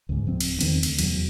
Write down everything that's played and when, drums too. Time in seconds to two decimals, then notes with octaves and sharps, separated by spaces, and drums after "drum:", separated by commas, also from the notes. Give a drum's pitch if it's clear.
0.09 C#2 G#2
0.25 D1 F3 C4
0.41 drum: cymbal
0.61 E2 D#3 C4, drum: cymbal
0.83 D2, drum: cymbal
0.99 F1 A#1 E2 F#3, drum: cymbal